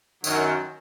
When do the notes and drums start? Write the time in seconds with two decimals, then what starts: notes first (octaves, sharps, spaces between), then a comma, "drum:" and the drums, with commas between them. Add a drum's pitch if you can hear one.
0.24 F#2 D#3 F#3, drum: tambourine